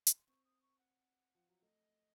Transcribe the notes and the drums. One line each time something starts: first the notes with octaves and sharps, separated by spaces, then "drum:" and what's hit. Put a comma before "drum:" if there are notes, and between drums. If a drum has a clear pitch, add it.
A#5, drum: hi-hat
C6
C4 C#6
D#6
C#6
F#5
F3
F#3
A3 D#5